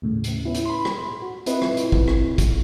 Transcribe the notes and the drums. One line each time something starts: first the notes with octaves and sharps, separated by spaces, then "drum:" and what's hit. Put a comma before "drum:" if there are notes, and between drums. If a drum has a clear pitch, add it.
D#2 A2 C#3
drum: hi-hat
B3 C#4 E4
drum: hi-hat
B5 C6
drum: rim click
F#4
C4 E4 F4 B4 D#5, drum: hi-hat
drum: rim click
drum: hi-hat
drum: kick
drum: rim click
drum: kick, hi-hat